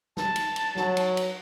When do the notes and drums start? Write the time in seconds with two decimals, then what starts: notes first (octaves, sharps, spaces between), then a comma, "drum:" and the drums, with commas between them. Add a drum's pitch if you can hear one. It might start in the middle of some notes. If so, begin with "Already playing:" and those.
0.17 A5, drum: snare
0.36 drum: cymbal
0.56 drum: cymbal
0.76 F#3, drum: snare
0.97 drum: cymbal
1.17 drum: cymbal